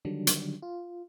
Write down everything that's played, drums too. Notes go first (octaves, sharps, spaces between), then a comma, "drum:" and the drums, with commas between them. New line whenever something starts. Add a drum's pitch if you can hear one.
D3 D#3 F#3 G3 D4
drum: hi-hat
F4